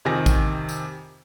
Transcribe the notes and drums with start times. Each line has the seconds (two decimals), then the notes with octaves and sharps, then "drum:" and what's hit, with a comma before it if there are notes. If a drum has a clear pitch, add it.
0.05 F2 C3 D#3 G#5 A#6
0.26 drum: kick, tambourine
0.69 drum: tambourine